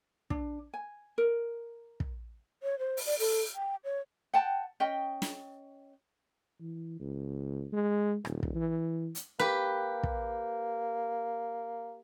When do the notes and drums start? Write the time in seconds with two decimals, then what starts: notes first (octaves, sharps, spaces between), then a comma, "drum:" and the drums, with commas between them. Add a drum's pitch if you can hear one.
0.30 D4, drum: kick
0.74 G#5
1.18 A#4
2.00 drum: kick
2.63 C#5
2.79 C5
2.97 drum: open hi-hat
3.06 D5
3.19 A4, drum: open hi-hat
3.55 G5
3.84 C#5
4.34 F#5 G5 A5
4.80 C#4 D#5 G5
5.22 drum: snare
6.61 E3
7.00 C#2
7.73 G#3
8.25 D#1, drum: rim click
8.43 drum: kick
8.55 E3
9.15 drum: hi-hat
9.39 A#3 G4 B4
10.03 drum: kick